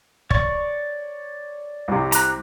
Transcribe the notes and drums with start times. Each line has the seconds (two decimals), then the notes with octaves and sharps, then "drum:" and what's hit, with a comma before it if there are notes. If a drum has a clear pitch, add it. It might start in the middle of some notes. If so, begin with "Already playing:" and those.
0.31 C#5 D5 C#6, drum: kick
1.88 C2 C3
2.12 A#5 F#6, drum: hi-hat